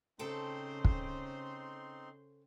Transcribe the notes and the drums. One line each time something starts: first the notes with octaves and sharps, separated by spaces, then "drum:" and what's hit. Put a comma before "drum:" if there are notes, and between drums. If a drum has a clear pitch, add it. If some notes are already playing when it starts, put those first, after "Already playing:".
C#3 C4 D#4 A4 C5 G5 A5 C6
drum: kick